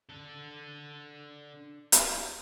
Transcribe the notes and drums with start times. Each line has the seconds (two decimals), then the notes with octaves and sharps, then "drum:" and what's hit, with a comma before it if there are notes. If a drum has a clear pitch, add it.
0.10 D3 A4
1.92 drum: hi-hat